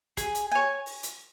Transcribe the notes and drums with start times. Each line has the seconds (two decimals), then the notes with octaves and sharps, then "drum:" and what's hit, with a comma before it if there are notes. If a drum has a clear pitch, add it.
0.17 G#4, drum: kick, hi-hat
0.35 drum: hi-hat
0.52 C#5 G#5
0.86 drum: open hi-hat
1.03 drum: hi-hat